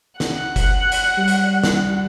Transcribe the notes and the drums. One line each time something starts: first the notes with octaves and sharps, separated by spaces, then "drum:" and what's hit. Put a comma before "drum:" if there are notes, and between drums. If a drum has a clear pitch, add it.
F#5, drum: snare
drum: kick F#1, hi-hat
drum: hi-hat
G3
drum: hi-hat
drum: snare